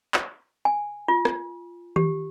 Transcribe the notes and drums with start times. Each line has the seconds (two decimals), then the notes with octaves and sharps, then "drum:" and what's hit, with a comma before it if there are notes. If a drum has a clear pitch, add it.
0.14 drum: clap
0.65 G#5
1.08 F4
1.25 drum: rim click
1.96 G4, drum: tom D#3